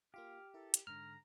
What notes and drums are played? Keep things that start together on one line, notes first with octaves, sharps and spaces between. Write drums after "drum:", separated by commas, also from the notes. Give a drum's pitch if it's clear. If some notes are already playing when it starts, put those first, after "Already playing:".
A#3 F4 G4 F5 F6
E4 A4 A#4
drum: hi-hat
G#2 D3 A#5 F6